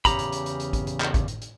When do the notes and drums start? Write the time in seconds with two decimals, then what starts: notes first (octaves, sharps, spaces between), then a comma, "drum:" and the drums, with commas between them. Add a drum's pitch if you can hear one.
0.05 E2 C#3 G4 A#5 B5, drum: kick G#1, hi-hat
0.19 drum: hi-hat
0.32 drum: hi-hat
0.46 drum: hi-hat
0.60 drum: hi-hat
0.73 drum: kick G#1, hi-hat
0.87 drum: hi-hat
1.01 drum: clap
1.14 drum: kick G#1, hi-hat
1.28 drum: hi-hat
1.42 drum: hi-hat